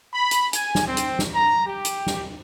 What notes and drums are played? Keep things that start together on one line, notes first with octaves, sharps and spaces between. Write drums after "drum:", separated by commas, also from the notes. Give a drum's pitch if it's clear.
B5
drum: hi-hat
G#5, drum: hi-hat
drum: snare
C4
drum: hi-hat
drum: snare
A#5
G4
drum: hi-hat
drum: snare